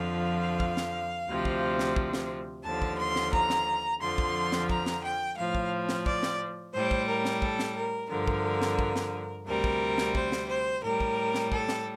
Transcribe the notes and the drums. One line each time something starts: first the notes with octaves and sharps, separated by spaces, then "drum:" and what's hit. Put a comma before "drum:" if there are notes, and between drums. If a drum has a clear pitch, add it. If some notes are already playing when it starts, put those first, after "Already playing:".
Already playing: F2 D3 F3 F5
drum: kick
drum: snare
D2 C3 F3
drum: kick
drum: snare
drum: kick
drum: snare
D#2 D3 F3 A5
drum: kick
C6
drum: snare
A#5, drum: kick
drum: snare
F2 D3 F3 C6
drum: kick
drum: snare
A#5, drum: kick
drum: snare
G5
A2 F3 F5
drum: kick
drum: snare
D5, drum: kick
drum: snare
A2 G3 C5
drum: kick
A#4
drum: snare
A4, drum: kick
drum: snare
A#4
G2 D3 F3 A#4
drum: kick
drum: snare
drum: kick
drum: snare
D2 C3 G3 A#4
drum: kick
drum: snare
C5, drum: kick
drum: snare
C5
A2 G3 A#4
drum: kick
drum: snare
A4, drum: kick
drum: snare